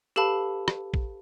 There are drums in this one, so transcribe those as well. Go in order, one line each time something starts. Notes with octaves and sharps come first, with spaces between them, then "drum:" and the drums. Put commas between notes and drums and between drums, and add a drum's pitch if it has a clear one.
G4 A4 B4 F5 A5 B5
drum: rim click
drum: kick A1